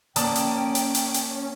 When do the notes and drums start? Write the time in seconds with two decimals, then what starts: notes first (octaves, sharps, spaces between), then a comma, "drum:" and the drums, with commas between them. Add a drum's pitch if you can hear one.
0.16 A#3 C#4 D5 G5 A5 D#6, drum: hi-hat
0.36 drum: hi-hat
0.75 drum: hi-hat
0.95 drum: hi-hat
1.14 drum: hi-hat